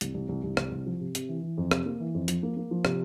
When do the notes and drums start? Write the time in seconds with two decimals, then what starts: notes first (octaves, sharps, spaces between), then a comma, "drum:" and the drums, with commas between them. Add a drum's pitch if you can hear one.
0.01 C2, drum: hi-hat
0.14 C2
0.29 C2
0.44 C2
0.57 C2, drum: rim click
0.72 C2
0.86 F3
1.01 C3
1.15 C3, drum: hi-hat
1.29 E3
1.43 E3
1.58 F2
1.71 C3, drum: rim click
1.86 A#3
2.00 E3
2.15 F2
2.28 F3, drum: hi-hat
2.43 A#3
2.57 A#3
2.71 F3
2.85 C3, drum: rim click